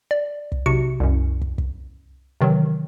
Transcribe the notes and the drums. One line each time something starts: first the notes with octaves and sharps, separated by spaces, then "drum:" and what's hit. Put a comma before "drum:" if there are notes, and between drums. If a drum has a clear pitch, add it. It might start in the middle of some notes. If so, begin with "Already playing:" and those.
D5
drum: kick
B1 C3 F#4 C#7
C2 F#2
drum: kick
drum: kick
C3 D#3 E3 F#3